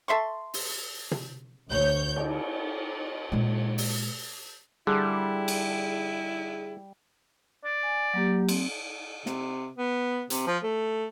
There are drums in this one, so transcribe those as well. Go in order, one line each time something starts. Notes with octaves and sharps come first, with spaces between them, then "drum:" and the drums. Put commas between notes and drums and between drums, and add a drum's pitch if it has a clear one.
A4 E5 C6 C#6
drum: open hi-hat
drum: tom
D2 C#5 G6
drum: cymbal
A#2 G#3
drum: open hi-hat
D3 G3 E4 G#4
drum: cymbal
D5
G#5
F#3 A#3 G4
C4, drum: cymbal
C3, drum: snare
B3
C3, drum: hi-hat
F3
A3